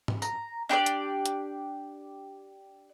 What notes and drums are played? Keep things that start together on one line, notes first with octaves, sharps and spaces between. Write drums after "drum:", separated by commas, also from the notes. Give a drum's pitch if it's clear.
drum: tom G#2
A#5, drum: tambourine
D4 G4 A#4 D5
drum: hi-hat
drum: hi-hat